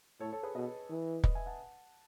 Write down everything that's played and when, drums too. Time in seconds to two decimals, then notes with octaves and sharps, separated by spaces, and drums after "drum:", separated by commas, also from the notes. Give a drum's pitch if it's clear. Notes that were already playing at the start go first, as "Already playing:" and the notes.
0.20 A2 A4 C#5
0.32 A4 C#5
0.43 G#4 B4
0.55 B2 B4 D#5
0.89 E3
1.24 B4 D#5, drum: kick
1.35 E5 G#5
1.46 F#5 A5